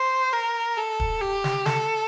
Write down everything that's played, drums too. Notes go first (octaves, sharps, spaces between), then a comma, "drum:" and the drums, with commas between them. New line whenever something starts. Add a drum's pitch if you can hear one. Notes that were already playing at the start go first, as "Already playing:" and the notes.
Already playing: C5
A#4
A4
drum: kick
G4
drum: snare
A4, drum: snare